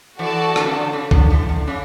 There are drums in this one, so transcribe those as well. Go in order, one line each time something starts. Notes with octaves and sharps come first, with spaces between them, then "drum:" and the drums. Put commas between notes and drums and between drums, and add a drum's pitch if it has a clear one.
E3 F#4 A4 D5 A5
D3, drum: rim click
C#3
D3
C#3
D3, drum: kick
E3
D3
C#3